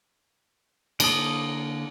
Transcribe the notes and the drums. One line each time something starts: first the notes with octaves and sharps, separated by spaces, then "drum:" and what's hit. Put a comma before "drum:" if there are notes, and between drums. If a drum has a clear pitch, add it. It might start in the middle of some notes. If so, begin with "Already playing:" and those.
D3 A#3 D#6, drum: cymbal